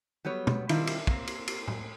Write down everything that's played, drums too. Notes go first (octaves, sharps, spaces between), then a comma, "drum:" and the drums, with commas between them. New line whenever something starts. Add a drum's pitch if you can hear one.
F#3 G3 B3 C#5
drum: tom
D#3 G3 C4 D4 E4 F4, drum: cymbal
drum: cymbal
A#3 C4, drum: kick
drum: cymbal
drum: cymbal
drum: tom